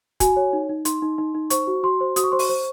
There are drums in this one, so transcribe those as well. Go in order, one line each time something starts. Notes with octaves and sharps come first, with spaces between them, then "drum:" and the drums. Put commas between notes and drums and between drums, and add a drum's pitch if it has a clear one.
F#4 G#5, drum: kick, hi-hat
C#5
D#4
D#4
D#4 C6, drum: hi-hat
D#4
D#4
D#4
C5 C#6, drum: hi-hat
F#4
F#4 C6
C5
F#4 D#6, drum: hi-hat
C#6
C5 C6
C#6, drum: open hi-hat
C5